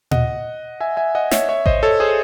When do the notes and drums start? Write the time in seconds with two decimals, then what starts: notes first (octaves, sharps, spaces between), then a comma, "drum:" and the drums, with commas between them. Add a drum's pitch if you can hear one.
0.11 D#5 F#5, drum: tom A#2
0.80 E5 G#5
0.97 E5 G#5
1.15 D#5 F#5
1.31 C#5 E5, drum: snare
1.49 C#5 E5
1.66 C5 D#5, drum: kick A1
1.83 A4 C#5
2.00 G#4 C5